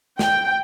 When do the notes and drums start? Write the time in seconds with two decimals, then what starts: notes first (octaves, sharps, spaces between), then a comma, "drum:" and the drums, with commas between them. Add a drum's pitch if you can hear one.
0.19 G5, drum: snare